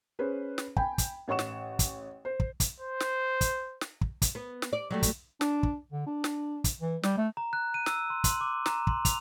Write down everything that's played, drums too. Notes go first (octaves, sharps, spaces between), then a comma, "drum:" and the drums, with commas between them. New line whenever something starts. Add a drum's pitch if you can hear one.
C#4 G#4 B4 C5
drum: snare
G5 G#5 B5, drum: kick
drum: kick, hi-hat
A1 C#5 F#5 C#6 E7
drum: snare
drum: kick, hi-hat
C5
drum: kick
drum: kick, hi-hat
C5
drum: snare
drum: kick, hi-hat
drum: snare
drum: kick
drum: kick, hi-hat
B3
drum: snare
D5
F#3 G3 A3
drum: kick, hi-hat
D4, drum: snare
drum: kick
D3
D4
drum: snare
drum: kick, hi-hat
E3
G3, drum: snare
A3
A#5
F#6
D#7
E6, drum: snare
C6
C6, drum: kick, hi-hat
D6
A#5, drum: snare
C6, drum: kick
F7, drum: kick, hi-hat